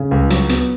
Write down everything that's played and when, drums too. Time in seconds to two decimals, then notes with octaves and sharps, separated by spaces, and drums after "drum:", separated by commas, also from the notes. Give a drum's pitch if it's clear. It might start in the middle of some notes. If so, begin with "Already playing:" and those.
Already playing: C#3
0.11 C#2
0.30 F#3, drum: hi-hat
0.49 B3, drum: hi-hat